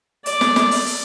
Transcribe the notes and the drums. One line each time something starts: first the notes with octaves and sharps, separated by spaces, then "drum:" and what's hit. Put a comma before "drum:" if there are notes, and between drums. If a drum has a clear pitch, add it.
D5, drum: hi-hat
drum: snare
drum: snare
drum: open hi-hat
drum: open hi-hat